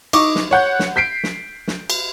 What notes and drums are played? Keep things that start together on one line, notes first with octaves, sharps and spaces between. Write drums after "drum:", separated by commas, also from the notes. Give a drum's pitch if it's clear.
D#4 C#6 D6, drum: cymbal
drum: snare
C#5 F#5 G6
drum: snare
G6 B6 C7 D7
drum: snare
drum: snare
drum: cymbal